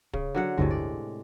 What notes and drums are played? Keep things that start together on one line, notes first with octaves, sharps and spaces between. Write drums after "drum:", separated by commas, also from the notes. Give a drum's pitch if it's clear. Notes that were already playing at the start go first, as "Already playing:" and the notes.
C#3, drum: kick
D3 F#3 F#5
G1 D2 A2 C3 G#3
D5